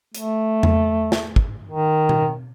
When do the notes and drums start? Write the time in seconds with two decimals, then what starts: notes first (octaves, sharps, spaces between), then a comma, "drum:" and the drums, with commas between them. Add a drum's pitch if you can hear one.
0.15 A3, drum: hi-hat
0.63 drum: tom E2
1.12 drum: snare
1.36 drum: kick
1.68 D#3
2.09 drum: tom B2